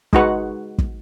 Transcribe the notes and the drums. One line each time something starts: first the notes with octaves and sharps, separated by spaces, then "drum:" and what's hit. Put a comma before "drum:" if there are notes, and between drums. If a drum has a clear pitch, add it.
G#3 D#4 F#4 B4 F#5, drum: kick
drum: kick